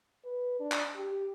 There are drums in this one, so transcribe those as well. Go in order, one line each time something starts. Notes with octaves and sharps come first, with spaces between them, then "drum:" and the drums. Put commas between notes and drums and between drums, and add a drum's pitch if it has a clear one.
B4
D4
drum: clap
G4